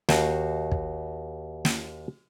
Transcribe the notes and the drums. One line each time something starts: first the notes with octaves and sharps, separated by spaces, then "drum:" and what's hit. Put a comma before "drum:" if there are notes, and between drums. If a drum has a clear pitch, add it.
D#2 F#4 C5 A#5, drum: snare
drum: kick
drum: snare